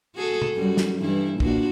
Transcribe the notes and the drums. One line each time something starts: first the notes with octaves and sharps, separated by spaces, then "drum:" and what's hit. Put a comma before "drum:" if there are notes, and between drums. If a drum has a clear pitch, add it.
F#4 G#4 A4
drum: tom
F#2 G3 F#4
drum: snare
G2 E3 E4
A#2 D4 F#4, drum: kick